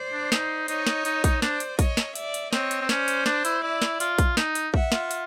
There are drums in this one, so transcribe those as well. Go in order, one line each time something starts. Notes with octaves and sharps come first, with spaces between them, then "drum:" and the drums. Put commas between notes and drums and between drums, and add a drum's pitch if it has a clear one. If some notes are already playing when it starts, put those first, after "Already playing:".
Already playing: C5 D5
D4
D#4, drum: snare
D#4 C#5 D#5, drum: hi-hat
drum: snare
D#4, drum: hi-hat
D#4, drum: kick A#1, hi-hat
D4 C5 D5, drum: snare
drum: hi-hat
C#5 D#5, drum: kick A#1, hi-hat
drum: snare
D5 E5, drum: hi-hat
drum: hi-hat
C4 C#5 D#5, drum: snare
drum: hi-hat
C4
C#4 C5 D5, drum: snare
drum: hi-hat
D4, drum: snare
E4, drum: hi-hat
E4 D5 E5
drum: snare
F4, drum: hi-hat
drum: kick A#1, hi-hat
D#4, drum: snare
drum: hi-hat
E5 F#5, drum: kick A#1
F4, drum: snare
drum: hi-hat